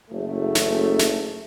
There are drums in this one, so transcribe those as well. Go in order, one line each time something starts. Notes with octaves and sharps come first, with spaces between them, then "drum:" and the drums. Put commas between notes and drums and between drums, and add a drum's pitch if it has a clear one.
F#1 A3
drum: snare
drum: snare